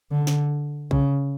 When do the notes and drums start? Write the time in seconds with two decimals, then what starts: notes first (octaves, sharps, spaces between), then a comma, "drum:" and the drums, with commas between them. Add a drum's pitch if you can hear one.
0.11 D3
0.27 drum: snare
0.91 C#3, drum: kick A#1